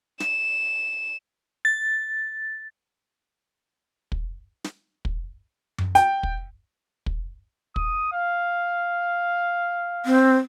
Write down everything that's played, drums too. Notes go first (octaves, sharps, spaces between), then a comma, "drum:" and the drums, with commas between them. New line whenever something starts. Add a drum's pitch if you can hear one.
E7, drum: snare
A6
drum: kick
drum: snare
drum: kick
drum: tom F#2
G5, drum: hi-hat
drum: kick
drum: kick
D#6, drum: kick
F5
C4